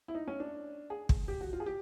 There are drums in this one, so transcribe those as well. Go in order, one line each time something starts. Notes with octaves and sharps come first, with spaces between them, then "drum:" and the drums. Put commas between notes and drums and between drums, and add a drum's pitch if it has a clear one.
E4
D#4
C#4
D4
G#4
drum: kick
G4
F#4
F4
G#4
G4